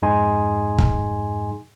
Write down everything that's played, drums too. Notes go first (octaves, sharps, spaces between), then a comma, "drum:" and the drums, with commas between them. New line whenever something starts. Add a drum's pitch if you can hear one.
F2 G#2 D#4 G#4 G#5 C6
drum: kick